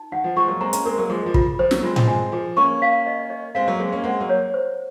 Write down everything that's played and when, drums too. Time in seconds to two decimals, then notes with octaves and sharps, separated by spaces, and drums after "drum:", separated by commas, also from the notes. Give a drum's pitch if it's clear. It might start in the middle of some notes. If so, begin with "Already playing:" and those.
Already playing: D#4
0.12 D#3 F#5
0.24 F3
0.36 F3 G#3 C#6
0.48 F#3 A#3
0.61 G#3 C4 A#5
0.73 A#3 C#4, drum: hi-hat
0.85 G#3 C4 A#4
0.98 F#3 A#3
1.09 F3 G#3 G#4
1.26 F3
1.34 F4, drum: kick
1.59 F3 C5
1.71 D#3 F#3, drum: snare
1.83 G#3 C4 F4
1.96 F3 G#3, drum: tom A2
2.07 G#3 C4 G#5
2.32 F3 G#4
2.57 A#3 C#4 C#6
2.82 F5
3.07 D#5
3.30 D#5
3.55 G#3 C4 F5
3.67 F#3 A#3
3.79 G#3 C4 G#4
3.92 A#3 C#4
4.04 G#3 C4 F#5
4.20 F#3 A#3
4.29 C#5
4.54 C5